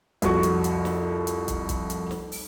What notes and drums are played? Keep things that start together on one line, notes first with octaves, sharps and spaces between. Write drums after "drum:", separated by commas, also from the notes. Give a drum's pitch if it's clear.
C2 F2 F#4 C#6, drum: kick, hi-hat
drum: hi-hat
drum: hi-hat
drum: snare
drum: hi-hat
drum: kick, hi-hat
drum: kick, hi-hat
drum: hi-hat
drum: snare
drum: open hi-hat